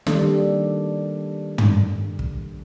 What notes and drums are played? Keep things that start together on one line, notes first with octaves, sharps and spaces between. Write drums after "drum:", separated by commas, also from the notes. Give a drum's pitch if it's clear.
D#3 G3 A#3 D4 A4, drum: snare
drum: tom
drum: kick